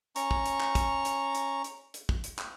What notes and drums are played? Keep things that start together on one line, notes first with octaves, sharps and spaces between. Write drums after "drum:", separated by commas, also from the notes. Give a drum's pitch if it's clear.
C#4 A#5 C#6, drum: hi-hat
drum: kick
drum: hi-hat
drum: clap
drum: kick, hi-hat
drum: hi-hat
drum: hi-hat
drum: hi-hat
drum: hi-hat
drum: kick
drum: hi-hat
drum: clap